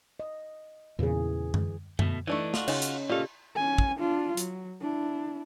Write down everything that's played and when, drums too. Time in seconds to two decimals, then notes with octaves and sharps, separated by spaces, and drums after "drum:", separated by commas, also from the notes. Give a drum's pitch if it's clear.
0.20 D#5
0.99 E2 A#2 C#3 E3 G#4
1.54 drum: tom F#2
1.99 B2 A3, drum: tom F#2
2.27 E3 A3 D4 D#4
2.54 F4 F#4, drum: snare
2.68 C#3 D#4 C#5 D#5 G#5, drum: cymbal
2.82 drum: hi-hat
3.10 A#2 F4 G4 A4 D5 D#5 F5
3.56 C#4 G#5
3.78 drum: kick
3.98 D4 F4
4.37 F#3, drum: hi-hat
4.82 D4 E4